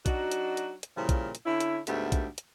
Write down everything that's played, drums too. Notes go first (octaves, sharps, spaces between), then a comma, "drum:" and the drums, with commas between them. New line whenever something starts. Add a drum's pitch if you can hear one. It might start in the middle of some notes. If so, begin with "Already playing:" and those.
F#3 D4 D#4 F#4, drum: kick A#1, hi-hat
drum: hi-hat
drum: hi-hat
drum: hi-hat
A#2 C#3 F3 G3 E4
drum: kick A#1, hi-hat
drum: hi-hat
D3 C#4 E4
drum: hi-hat
D2 G#2 A3 B3 G4, drum: hi-hat
drum: kick A#1, hi-hat
drum: hi-hat